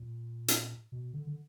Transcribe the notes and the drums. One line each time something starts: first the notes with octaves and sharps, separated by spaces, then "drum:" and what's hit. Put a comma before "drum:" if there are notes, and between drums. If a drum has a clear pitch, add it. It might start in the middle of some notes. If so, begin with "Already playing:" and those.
Already playing: A#2
drum: hi-hat
B2
D3
D3